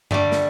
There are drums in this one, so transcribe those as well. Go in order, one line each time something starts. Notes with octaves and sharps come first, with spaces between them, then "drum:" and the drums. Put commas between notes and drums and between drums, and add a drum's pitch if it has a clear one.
D3 G3 A3, drum: tom G2
drum: snare